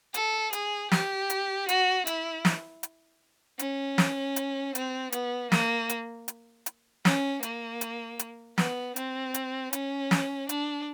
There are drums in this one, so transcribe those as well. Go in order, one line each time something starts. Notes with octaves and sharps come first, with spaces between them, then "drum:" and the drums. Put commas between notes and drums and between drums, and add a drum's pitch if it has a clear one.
A4, drum: hi-hat
G#4, drum: hi-hat
G4, drum: snare
drum: hi-hat
F#4, drum: hi-hat
E4, drum: hi-hat
drum: snare
drum: hi-hat
C#4, drum: hi-hat
drum: snare
drum: hi-hat
C4, drum: hi-hat
B3, drum: hi-hat
A#3, drum: snare
drum: hi-hat
drum: hi-hat
drum: hi-hat
C#4, drum: snare
A#3, drum: hi-hat
drum: hi-hat
drum: hi-hat
B3, drum: snare
C4, drum: hi-hat
drum: hi-hat
C#4, drum: hi-hat
drum: snare
D4, drum: hi-hat